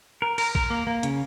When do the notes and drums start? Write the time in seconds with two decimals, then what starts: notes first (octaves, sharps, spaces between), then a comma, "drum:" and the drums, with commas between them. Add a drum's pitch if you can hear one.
0.22 A#4
0.38 A#4, drum: cymbal
0.55 A#4, drum: kick A#1
0.70 A#3
0.87 A#3
1.03 C#3, drum: hi-hat